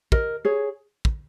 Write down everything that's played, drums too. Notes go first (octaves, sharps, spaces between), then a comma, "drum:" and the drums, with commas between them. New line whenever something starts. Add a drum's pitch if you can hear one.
A#4 D#5, drum: kick
G#4 C#5
drum: kick